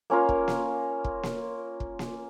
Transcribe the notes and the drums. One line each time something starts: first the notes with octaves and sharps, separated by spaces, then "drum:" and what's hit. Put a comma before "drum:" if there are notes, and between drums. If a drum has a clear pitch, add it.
A#3 C#4 F4 A#4
drum: kick
drum: snare A#3
drum: kick
drum: snare A#3
drum: kick
drum: snare A#3